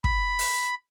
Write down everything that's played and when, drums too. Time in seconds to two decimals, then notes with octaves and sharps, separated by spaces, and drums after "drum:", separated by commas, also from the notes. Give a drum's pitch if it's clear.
0.04 B5, drum: kick
0.39 drum: open hi-hat